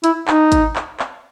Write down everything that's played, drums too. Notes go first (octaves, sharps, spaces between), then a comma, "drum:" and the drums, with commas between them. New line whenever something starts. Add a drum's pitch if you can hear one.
E4, drum: hi-hat
D#4, drum: clap
drum: kick, hi-hat
drum: clap
drum: clap